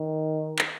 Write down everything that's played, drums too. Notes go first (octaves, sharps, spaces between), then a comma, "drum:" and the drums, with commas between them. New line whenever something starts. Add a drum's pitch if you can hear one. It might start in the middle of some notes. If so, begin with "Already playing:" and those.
Already playing: D#3
drum: clap